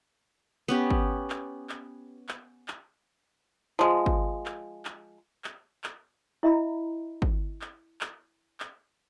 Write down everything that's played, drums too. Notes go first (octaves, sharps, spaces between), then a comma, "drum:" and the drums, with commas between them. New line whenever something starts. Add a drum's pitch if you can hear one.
B3 C#4 G4
drum: kick G#1
drum: clap
drum: clap
drum: clap
drum: clap
F3 G#3
drum: kick G#1
drum: clap
drum: clap
drum: clap
drum: clap
E4 D#5 E5 A#5 B5
drum: kick G#1
drum: clap
drum: clap
drum: clap